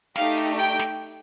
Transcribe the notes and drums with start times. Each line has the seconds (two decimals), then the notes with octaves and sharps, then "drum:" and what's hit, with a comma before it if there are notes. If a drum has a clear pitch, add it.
0.16 A3 D#4 G4 F5, drum: snare
0.37 drum: hi-hat
0.59 G5
0.80 drum: snare